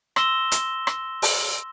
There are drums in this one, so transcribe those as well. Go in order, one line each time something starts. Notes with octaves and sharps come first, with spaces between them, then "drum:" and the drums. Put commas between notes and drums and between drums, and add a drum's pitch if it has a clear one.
C6 E6 A#6 E7 G7, drum: rim click
drum: hi-hat
drum: rim click
drum: open hi-hat